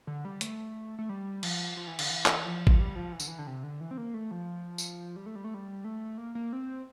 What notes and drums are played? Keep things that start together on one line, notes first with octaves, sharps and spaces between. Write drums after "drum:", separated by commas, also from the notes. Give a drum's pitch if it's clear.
D3
G3
A3, drum: hi-hat
A3
G3
F3, drum: cymbal
F3
E3
D3, drum: cymbal
E3
drum: clap
F3
F3, drum: kick G#1
G3
F3
E3
D3, drum: tambourine
E3
D3
C3
D3
E3
C4
A#3
A3
F3
drum: tambourine
G3
A3
G3
A3
G3
A3
A#3
A#3
C4